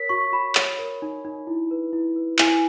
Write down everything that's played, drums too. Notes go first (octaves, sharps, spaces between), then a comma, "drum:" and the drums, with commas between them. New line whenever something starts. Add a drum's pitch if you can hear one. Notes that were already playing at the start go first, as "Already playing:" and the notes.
Already playing: A#4 C#5 B6
F#4 C#6
F#4 B5
C#5, drum: clap
A#4
D#4
D#4
E4
B4
E4
B4
E4 G#5, drum: clap